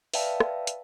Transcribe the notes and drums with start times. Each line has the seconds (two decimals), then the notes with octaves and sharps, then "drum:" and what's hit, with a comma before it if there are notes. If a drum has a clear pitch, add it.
0.14 B4 D5 E5 F5 G5 A5, drum: open hi-hat
0.40 drum: rim click
0.67 drum: hi-hat